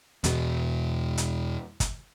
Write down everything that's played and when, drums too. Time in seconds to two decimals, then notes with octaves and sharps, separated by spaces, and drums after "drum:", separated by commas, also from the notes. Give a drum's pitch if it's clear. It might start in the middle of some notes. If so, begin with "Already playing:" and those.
0.24 E2 B2, drum: hi-hat
1.18 drum: hi-hat
1.80 drum: kick, hi-hat